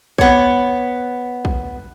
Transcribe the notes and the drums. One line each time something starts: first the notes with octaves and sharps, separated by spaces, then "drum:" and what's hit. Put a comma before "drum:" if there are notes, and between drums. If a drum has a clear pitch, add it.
B3 C#5, drum: kick
drum: kick